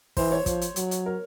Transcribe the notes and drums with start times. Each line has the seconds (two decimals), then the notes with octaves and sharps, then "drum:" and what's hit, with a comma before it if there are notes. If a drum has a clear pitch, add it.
0.17 E3 C5, drum: kick, open hi-hat
0.32 C#5
0.46 F3, drum: kick, hi-hat
0.61 drum: hi-hat
0.76 F#3, drum: hi-hat
0.91 drum: hi-hat
1.06 A#4